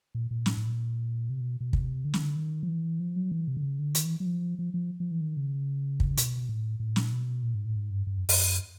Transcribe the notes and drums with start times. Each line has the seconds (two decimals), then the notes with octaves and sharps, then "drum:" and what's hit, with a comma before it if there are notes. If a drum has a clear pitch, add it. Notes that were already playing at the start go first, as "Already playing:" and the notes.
0.15 A#2
0.31 A#2
0.46 A2, drum: snare
0.57 A2
0.67 A#2
1.30 C3
1.41 B2
1.61 B2
1.73 C3, drum: kick
2.05 D3
2.14 D#3, drum: snare
2.22 D3
2.36 D#3
2.63 F3
2.69 E3
3.00 F3
3.16 F#3
3.32 E3
3.48 C3
3.57 D3
3.63 C#3
3.79 D3
3.95 D#3, drum: hi-hat
4.05 E3
4.20 F#3
4.26 F3
4.59 F3
4.74 F3
5.00 F3
5.11 E3
5.21 D#3
5.37 C#3
6.00 drum: kick
6.17 B2, drum: hi-hat
6.49 A2
6.80 A2
6.96 A#2, drum: snare
7.12 B2
7.43 A#2
7.55 G#2
7.65 A2
7.76 G#2
7.91 G2
8.07 G2
8.18 F#2
8.29 F#2, drum: open hi-hat